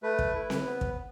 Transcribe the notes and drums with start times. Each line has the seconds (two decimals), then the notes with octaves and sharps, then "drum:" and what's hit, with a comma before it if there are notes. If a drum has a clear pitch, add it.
0.03 A3 B4
0.19 drum: kick
0.34 E4
0.50 drum: snare C4
0.66 B3
0.81 drum: kick